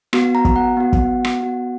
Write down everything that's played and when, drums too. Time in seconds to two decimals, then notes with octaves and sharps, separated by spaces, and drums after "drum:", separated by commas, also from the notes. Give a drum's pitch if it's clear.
0.13 B3 F#4, drum: rim click
0.35 A#5
0.45 drum: kick
0.56 F#5
0.77 B3 F#4
0.93 drum: kick
1.25 drum: rim click
1.40 B3 F#4